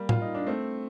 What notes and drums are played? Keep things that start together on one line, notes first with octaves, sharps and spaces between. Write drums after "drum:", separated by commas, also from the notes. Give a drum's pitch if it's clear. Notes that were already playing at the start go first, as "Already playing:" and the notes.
Already playing: G3 A#3
F4, drum: tom A2
D#4
D4
A3 C4